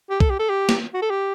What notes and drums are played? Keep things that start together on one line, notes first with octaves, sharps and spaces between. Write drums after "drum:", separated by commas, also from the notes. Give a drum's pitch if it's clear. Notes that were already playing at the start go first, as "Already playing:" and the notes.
G4
A4, drum: kick B1
G4
A4
G4
drum: snare
F#4
A4
G4